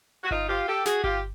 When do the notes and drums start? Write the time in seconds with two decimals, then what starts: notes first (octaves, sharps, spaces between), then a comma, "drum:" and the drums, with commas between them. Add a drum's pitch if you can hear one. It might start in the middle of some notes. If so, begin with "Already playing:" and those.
0.24 F#4
0.31 D#4 F4, drum: kick G1
0.49 F4 G4
0.68 G4 A4
0.85 F#4 G#4, drum: snare
1.04 F4 G4, drum: kick G1